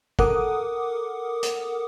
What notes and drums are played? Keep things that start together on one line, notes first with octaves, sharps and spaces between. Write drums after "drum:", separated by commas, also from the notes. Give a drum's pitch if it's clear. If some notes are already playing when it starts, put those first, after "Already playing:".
A4 A#4 F#5 D6 D#6, drum: kick
drum: hi-hat